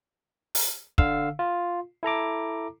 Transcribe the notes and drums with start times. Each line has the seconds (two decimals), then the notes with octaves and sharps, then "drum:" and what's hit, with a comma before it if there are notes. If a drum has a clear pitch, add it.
0.55 drum: open hi-hat
0.98 D3 F5 E6, drum: kick
1.39 F4
2.03 E4 A4 A#5 D6